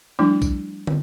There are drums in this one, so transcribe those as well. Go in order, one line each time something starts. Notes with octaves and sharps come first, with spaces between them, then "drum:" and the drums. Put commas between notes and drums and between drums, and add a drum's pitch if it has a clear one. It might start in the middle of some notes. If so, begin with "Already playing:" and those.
F3 G3 A3 D4 E4
drum: kick B1, tambourine
drum: tom